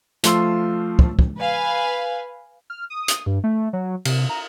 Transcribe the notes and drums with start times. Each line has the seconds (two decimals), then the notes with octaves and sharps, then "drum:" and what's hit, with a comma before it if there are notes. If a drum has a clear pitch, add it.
0.24 F3 A3 F4 C6 E6, drum: hi-hat
0.99 drum: kick
1.19 drum: kick
1.37 B4 F5 G#5
2.70 F6
2.90 D#6
3.08 drum: hi-hat
3.26 G2
3.44 A3
3.73 F#3
4.05 C3, drum: cymbal
4.29 A#5